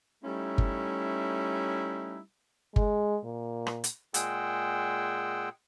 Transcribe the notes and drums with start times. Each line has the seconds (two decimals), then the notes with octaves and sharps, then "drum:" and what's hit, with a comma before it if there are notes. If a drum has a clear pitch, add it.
0.24 G3 A3 C#4 D#4 E4
0.58 drum: kick G1
2.76 G#3, drum: kick G1
3.24 A#2
3.67 drum: rim click
3.84 drum: hi-hat
4.14 A#2 G#3 G#4 F#5 G5 E6, drum: hi-hat